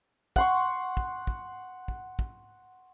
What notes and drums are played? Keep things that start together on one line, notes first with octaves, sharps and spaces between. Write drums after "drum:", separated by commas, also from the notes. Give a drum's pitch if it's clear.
F#5 C6 C#6, drum: kick
drum: kick
drum: kick
drum: kick
drum: kick